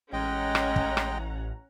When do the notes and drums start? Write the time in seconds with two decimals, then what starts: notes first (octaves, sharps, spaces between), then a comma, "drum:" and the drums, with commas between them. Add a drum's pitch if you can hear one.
0.13 A1 G#3 C#4 D#5 F#5 G5 A#5
0.55 drum: rim click
0.76 drum: kick
0.97 drum: rim click